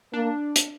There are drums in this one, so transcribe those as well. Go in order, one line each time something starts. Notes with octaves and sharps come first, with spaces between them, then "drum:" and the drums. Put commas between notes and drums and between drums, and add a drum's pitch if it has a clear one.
A#3 D4
drum: hi-hat